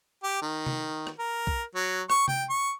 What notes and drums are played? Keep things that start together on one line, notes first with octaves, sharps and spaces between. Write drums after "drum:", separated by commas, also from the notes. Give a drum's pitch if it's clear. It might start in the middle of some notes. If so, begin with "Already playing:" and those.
G4
D#3
drum: tom C3
drum: rim click
A#4
drum: kick B1
F#3
C#6, drum: rim click
G5, drum: tom C3
C#6